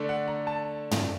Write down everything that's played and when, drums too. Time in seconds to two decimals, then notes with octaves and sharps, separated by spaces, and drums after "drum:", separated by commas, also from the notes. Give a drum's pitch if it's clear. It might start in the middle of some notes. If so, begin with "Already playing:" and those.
Already playing: D3 A3 D4
0.09 F#5
0.28 A#5
0.47 A5
0.91 drum: tom